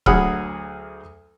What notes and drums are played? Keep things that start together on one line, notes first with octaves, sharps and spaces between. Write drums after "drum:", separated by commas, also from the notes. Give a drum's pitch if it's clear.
D2 F#3 G#4 F#5 B5 F6, drum: kick C#1